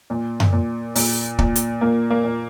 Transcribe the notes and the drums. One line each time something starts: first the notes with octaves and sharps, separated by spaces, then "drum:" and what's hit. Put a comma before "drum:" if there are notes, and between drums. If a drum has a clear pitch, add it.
A#2
drum: tom F#2
A#2
A#2, drum: open hi-hat
A#2, drum: kick
drum: hi-hat
A#2 A#3
A#3
A#2